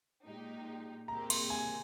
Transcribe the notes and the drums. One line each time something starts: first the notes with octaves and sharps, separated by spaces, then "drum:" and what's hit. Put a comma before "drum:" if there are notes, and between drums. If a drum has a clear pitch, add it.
A#2 G#3 D#4 G4
A#2 G#3 C4 G4 A#4 A#5
C6, drum: cymbal
G#5